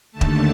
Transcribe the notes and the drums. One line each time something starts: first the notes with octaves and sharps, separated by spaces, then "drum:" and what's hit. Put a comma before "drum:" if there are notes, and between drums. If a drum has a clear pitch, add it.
D#2 D3 A3 A5
drum: kick